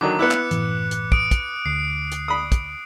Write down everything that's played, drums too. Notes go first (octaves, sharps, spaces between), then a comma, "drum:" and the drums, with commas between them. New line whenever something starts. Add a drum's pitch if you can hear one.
D3 D#3 F#3 D6
B3 E4 D6 F#6 C#7
drum: clap
F#1 A2 E3, drum: hi-hat
drum: hi-hat
D#6 D7, drum: kick
drum: kick, hi-hat
D2 C7
drum: hi-hat
B5 D#6
drum: kick, hi-hat